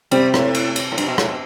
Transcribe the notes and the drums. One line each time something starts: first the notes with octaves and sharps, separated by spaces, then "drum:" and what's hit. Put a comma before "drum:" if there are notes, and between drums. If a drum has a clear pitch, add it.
C3 G3 C4, drum: cymbal
A2, drum: rim click
drum: cymbal
drum: cymbal
A2
G2, drum: cymbal
B2
A2, drum: rim click
B2